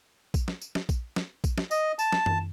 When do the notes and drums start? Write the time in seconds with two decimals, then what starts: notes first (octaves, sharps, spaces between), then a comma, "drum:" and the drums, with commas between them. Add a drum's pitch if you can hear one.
0.34 drum: kick A#1, tambourine
0.48 drum: snare
0.62 drum: tambourine
0.75 drum: snare
0.89 drum: kick A#1, tambourine
1.16 drum: snare
1.44 drum: kick A#1, tambourine
1.58 drum: snare
1.71 D#5, drum: tambourine
1.99 A5, drum: tambourine
2.12 drum: snare
2.26 drum: tom F#2